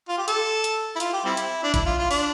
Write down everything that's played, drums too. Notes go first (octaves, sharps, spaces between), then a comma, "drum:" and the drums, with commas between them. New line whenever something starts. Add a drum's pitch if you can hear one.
F4
G4
A4, drum: hi-hat
drum: hi-hat
E4
F4, drum: hi-hat
G4
G3 C4 E4
drum: hi-hat
D4
E4, drum: kick, hi-hat
F4
F4
D4, drum: open hi-hat